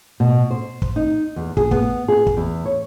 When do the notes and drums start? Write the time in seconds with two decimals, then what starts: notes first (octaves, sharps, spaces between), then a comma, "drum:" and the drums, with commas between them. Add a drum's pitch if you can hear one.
0.20 B2
0.51 C5
0.82 drum: kick
0.96 D#4
1.36 E2
1.57 G#4, drum: kick
1.71 B3, drum: kick
2.08 G#4
2.27 drum: kick
2.37 E2
2.66 C#5